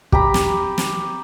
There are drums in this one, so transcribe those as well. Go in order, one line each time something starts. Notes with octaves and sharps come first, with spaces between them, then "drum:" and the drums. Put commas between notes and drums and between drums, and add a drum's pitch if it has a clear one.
G4 A#5 B5, drum: kick
drum: snare
drum: snare